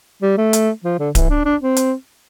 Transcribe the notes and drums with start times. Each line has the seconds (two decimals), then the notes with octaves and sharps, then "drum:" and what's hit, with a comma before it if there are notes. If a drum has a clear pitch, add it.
0.22 G3
0.37 A3
0.53 drum: hi-hat
0.84 F3
0.99 D3
1.15 E3, drum: kick D1, hi-hat
1.30 D4
1.45 D4
1.61 C4
1.76 drum: hi-hat